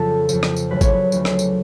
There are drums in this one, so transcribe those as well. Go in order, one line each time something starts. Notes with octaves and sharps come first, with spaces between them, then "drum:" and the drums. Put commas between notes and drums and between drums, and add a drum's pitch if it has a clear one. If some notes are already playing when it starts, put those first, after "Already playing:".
Already playing: F2 C#3 F3 A4
F2 F3, drum: tambourine
drum: rim click
drum: tambourine
D2 C#3 F#3 B4
C#5, drum: kick G#1, tambourine
B4
D2 C#3 F#3, drum: tambourine
drum: rim click
drum: tambourine